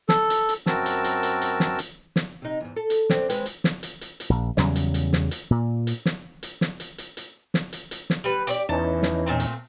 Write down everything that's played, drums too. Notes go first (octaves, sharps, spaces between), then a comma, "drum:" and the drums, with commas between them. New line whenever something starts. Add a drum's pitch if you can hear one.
A4, drum: snare
drum: hi-hat
drum: hi-hat
F#2 C4 F#4 A#4 A5 E6, drum: snare
drum: hi-hat
drum: hi-hat
drum: hi-hat
drum: hi-hat
drum: snare
drum: hi-hat
drum: snare
C3 D#4
E2 G#2
A4
drum: hi-hat
C4 D4, drum: snare
G#3 C4 B4, drum: hi-hat
drum: hi-hat
drum: snare
drum: hi-hat
drum: hi-hat
drum: hi-hat
A#1
E2 C#3 F#3 G3, drum: snare
drum: hi-hat
drum: hi-hat
drum: snare
drum: hi-hat
A#2
drum: hi-hat
drum: snare
drum: hi-hat
drum: snare
drum: hi-hat
drum: hi-hat
drum: hi-hat
drum: snare
drum: hi-hat
drum: hi-hat
drum: snare
G3 B4
G4 C#5 D5, drum: hi-hat
E2 E3 C#4 D#4 A4
drum: snare
A#2 A3 C4
drum: hi-hat